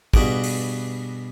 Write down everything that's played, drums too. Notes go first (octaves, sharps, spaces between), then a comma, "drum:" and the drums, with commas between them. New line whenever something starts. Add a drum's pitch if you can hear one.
G2 B2 F#4 G#4 D6, drum: kick
drum: open hi-hat